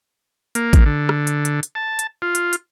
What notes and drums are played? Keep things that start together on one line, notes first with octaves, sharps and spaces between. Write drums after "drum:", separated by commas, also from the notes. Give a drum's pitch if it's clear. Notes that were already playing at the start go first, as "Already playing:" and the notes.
A#3, drum: hi-hat
drum: kick A1, hi-hat
D3
drum: rim click
drum: hi-hat
drum: hi-hat
drum: hi-hat
A5
drum: hi-hat
F4
drum: hi-hat
drum: hi-hat